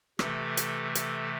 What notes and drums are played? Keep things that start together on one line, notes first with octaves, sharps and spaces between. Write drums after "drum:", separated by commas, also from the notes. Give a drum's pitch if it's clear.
C3 E3 A3 A4, drum: rim click
drum: hi-hat
A4, drum: hi-hat